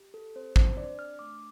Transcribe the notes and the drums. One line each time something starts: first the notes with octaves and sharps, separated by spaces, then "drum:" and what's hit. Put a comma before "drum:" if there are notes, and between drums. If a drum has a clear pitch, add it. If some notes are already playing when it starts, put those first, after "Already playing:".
Already playing: G4
A4
C4 C5
C5, drum: kick
D4 D5
F6
A3 D6